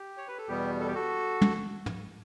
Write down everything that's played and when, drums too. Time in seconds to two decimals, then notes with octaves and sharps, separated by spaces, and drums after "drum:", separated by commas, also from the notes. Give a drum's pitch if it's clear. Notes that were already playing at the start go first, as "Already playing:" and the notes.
Already playing: G4
0.17 C#5
0.28 B4
0.38 A4
0.48 E2 B2 G3 B3 G4
0.80 A4
0.88 G4
0.94 F#4 A4
1.41 drum: tom
1.86 drum: tom